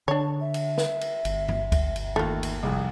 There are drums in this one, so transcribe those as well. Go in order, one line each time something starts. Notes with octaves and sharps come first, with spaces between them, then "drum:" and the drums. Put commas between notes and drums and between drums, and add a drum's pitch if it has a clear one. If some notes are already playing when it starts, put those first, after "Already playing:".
D3 D4 C#5 A5
E5
drum: cymbal
drum: snare
drum: cymbal
G1, drum: cymbal
drum: tom G2
drum: kick D2, cymbal
drum: cymbal
D#2 A3 F4
drum: cymbal
C2 F2 G#4